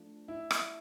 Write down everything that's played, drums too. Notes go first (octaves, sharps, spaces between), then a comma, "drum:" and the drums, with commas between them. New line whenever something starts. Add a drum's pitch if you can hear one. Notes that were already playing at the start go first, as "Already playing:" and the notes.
Already playing: F3 A3 D4
E4
drum: rim click